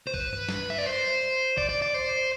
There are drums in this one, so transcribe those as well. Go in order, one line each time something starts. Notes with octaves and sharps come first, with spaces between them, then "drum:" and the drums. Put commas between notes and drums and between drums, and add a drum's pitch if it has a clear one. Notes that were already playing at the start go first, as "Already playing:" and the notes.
C5
B4, drum: kick
drum: tom G2
drum: snare
E5
D5
C5
D5, drum: kick
D5
D5
C5